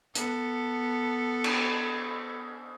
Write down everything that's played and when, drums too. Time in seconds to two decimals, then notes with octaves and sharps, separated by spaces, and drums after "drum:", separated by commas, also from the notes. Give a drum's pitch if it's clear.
0.15 B3 A4, drum: hi-hat
1.44 drum: cymbal